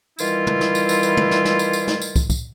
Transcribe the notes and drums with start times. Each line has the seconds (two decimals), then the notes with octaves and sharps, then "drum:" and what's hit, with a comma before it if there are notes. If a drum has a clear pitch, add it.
0.19 D#3 E3 G3 E4 F4, drum: tambourine
0.47 drum: tom
0.61 drum: snare
0.75 drum: tambourine
0.89 drum: tambourine
1.03 drum: tambourine
1.17 drum: tom
1.31 drum: snare
1.45 drum: snare
1.59 drum: tambourine
1.73 drum: tambourine
1.87 drum: snare
2.02 drum: tambourine
2.16 drum: kick, tambourine
2.30 drum: kick, tambourine